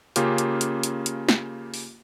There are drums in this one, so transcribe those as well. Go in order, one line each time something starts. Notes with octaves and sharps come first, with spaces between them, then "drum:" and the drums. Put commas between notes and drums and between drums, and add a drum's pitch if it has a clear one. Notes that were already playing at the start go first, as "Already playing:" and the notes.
C#3 A#3 C#4 F4 G4, drum: hi-hat
drum: hi-hat
drum: hi-hat
drum: hi-hat
drum: hi-hat
drum: snare
drum: open hi-hat